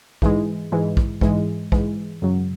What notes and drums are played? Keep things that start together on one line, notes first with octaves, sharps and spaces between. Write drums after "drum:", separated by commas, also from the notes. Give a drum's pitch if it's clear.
G#2 E3 G#3, drum: kick A#1
G#2 E3 G#3
drum: kick A#1
G#2 E3 G#3, drum: kick A#1
G#2 E3 G#3, drum: kick A#1
F#2 C#3 F#3